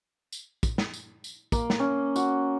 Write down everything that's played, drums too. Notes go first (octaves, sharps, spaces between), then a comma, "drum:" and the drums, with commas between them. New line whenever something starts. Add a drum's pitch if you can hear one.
drum: tambourine
drum: kick, tambourine
drum: snare
drum: tambourine
drum: tambourine
A#3, drum: kick, tambourine
drum: snare
C#4
F#4, drum: tambourine